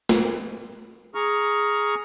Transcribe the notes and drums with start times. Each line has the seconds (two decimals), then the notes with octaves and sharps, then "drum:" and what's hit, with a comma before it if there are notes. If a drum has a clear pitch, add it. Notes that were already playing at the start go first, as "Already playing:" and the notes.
0.09 drum: snare
1.15 G#4 A#5 C#6 F6